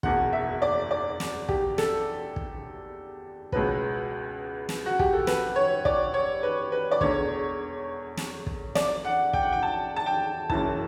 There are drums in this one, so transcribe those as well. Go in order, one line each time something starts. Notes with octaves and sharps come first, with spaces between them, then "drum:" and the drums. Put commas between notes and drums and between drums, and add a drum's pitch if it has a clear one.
F#1 E2 B2 F#5, drum: kick
E5
D5
D5
drum: snare
G4, drum: kick
A4, drum: snare
drum: kick
C#2 B2 F#3 B4, drum: kick
drum: snare
F#4
G4, drum: kick
A4
B4, drum: snare
C#5
D5, drum: kick
C#5
B4
B4
D5
E1 E2 D3 C#5, drum: kick
drum: snare
drum: kick
D5, drum: snare
F#5
G5, drum: kick
F#5
G5
A5
A5
G5
F#1 F#2 E3 A5, drum: kick